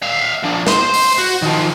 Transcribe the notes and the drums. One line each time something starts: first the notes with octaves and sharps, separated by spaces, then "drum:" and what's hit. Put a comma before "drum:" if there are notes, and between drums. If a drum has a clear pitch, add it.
E5 F5
F3 D4
C5 C6, drum: snare
drum: open hi-hat
F#4
D#3 F3